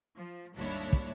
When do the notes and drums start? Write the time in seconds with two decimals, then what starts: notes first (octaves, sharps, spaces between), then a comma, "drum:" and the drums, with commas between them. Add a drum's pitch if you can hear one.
0.17 F3
0.57 G#1 D#2 G3 D4 E4 C#5
0.93 drum: kick